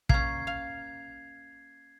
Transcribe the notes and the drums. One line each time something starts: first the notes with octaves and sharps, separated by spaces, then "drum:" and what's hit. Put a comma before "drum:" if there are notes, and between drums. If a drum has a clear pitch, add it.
A#3 C#4 G#6 C7, drum: kick
F5